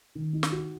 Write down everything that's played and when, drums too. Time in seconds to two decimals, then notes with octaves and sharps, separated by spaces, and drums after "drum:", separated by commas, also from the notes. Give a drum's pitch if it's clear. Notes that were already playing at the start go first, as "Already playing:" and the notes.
0.15 D#3
0.33 D#4
0.43 drum: snare
0.52 F#4